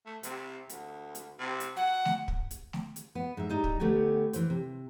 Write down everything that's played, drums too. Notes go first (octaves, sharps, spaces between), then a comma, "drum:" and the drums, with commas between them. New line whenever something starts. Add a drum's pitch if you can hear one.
A3
C3, drum: hi-hat
D2, drum: hi-hat
drum: hi-hat
C3
drum: hi-hat
F#3 F#5
drum: snare A3
drum: kick
drum: hi-hat
drum: snare A3
drum: hi-hat
B3
G#2 E5
G3 D#4 A#5
drum: kick
D3 A3 B3 G4 G#5
E3 C5, drum: hi-hat
C3